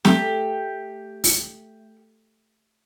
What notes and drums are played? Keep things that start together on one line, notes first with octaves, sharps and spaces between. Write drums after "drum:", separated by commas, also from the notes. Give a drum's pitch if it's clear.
A3 G4, drum: snare
drum: open hi-hat